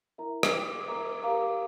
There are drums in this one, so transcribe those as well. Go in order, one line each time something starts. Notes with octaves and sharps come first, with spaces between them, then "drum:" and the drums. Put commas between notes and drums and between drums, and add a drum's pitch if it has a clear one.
E4 A#4 E5 A#5
drum: rim click
C5 G5 D6
A#4 E5 A#5 D6
G4 A#4 F5 A#5 D6